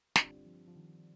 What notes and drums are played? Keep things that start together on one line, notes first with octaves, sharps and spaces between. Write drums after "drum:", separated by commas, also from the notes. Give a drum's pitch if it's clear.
G2 D3 G3 C4 F4, drum: snare
F3
F3
D#3